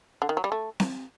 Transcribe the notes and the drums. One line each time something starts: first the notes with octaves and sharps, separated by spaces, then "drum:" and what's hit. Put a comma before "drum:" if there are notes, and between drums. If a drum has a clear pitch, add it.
D3
D#3
F#3
G3
A3
drum: snare C4